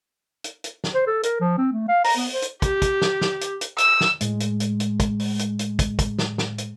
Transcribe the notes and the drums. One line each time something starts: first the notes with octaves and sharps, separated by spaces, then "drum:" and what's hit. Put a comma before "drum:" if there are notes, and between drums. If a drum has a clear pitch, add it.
drum: hi-hat
drum: hi-hat
drum: snare
C5
A4
A#4, drum: hi-hat
F3
C4
A3
F5
A#5, drum: open hi-hat
B3
C5
drum: hi-hat
G4, drum: kick, hi-hat
drum: kick, hi-hat
drum: snare
drum: snare
drum: hi-hat
drum: hi-hat
E6, drum: hi-hat
drum: snare
A2 G#3, drum: hi-hat
drum: hi-hat
drum: hi-hat
drum: hi-hat
drum: kick, hi-hat
drum: open hi-hat
drum: hi-hat
drum: hi-hat
drum: kick, hi-hat
drum: kick, hi-hat
drum: snare
drum: snare
drum: hi-hat